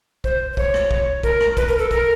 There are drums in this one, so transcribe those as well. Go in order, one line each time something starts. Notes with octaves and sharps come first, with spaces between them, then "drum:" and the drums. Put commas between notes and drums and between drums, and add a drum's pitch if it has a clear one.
C5, drum: kick
C5
C#5, drum: kick
drum: rim click
drum: kick
A#4, drum: kick
drum: rim click
B4, drum: kick
A#4
A4
A#4, drum: kick